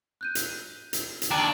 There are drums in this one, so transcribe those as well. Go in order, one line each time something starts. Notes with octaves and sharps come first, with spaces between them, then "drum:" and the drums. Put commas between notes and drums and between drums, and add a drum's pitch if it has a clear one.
F#6 G6 D#7
drum: hi-hat
drum: hi-hat
drum: hi-hat
D#2 D4 A#5